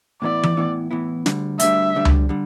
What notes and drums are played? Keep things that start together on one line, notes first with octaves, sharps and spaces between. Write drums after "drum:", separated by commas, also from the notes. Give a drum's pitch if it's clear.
A2 E3 B3 E4 D5
drum: tom E3
A2 E3 B3 E4
A2 E3 B3 E4
D2 D3 G3, drum: snare
D2 D3 G3 E5, drum: hi-hat
D2 D3 G3
drum: tom C#2
D3 G3